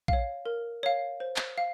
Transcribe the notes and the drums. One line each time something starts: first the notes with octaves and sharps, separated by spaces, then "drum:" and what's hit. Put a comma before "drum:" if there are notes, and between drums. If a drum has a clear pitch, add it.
C#5 F5, drum: kick
A#4
C#5 F5
C5
drum: clap
F5